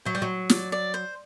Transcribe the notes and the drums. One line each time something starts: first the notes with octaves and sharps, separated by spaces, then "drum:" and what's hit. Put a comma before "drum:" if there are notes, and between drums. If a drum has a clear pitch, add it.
F#3 C5
G3
F#3
D5, drum: snare
D5
C5